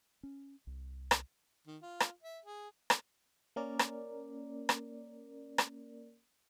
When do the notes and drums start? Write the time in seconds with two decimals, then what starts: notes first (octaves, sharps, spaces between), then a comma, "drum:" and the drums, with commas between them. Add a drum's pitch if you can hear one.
0.23 C#4
0.67 C2
1.11 drum: rim click
1.67 D#3
1.82 F4
2.00 drum: rim click
2.23 E5
2.45 G#4
2.90 drum: rim click
3.56 A#3 C#4 A#4 D5
3.79 drum: rim click
4.69 drum: rim click
5.58 drum: rim click